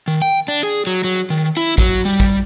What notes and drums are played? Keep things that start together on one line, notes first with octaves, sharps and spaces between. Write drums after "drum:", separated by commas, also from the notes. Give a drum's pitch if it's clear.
D#3
G5
D4
G#4
F#3
F#3
drum: hi-hat
D#3
E4, drum: hi-hat
F#3, drum: kick, hi-hat
G3
drum: kick, hi-hat